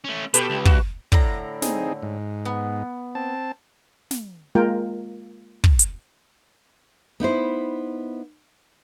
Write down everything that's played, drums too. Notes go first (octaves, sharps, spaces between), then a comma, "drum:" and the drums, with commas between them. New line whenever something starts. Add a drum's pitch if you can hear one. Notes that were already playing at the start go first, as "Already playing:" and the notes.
A3 C#4
B2 G4 A4 B4, drum: hi-hat
C#2
F#4, drum: kick
A2 D3 A#5, drum: kick
C4 D#4 G#4, drum: snare
G#2
B3
C4 A5
drum: snare
G#3 A#3 F4 A#4 G5
drum: kick
drum: hi-hat
B3 D#4 E4 C5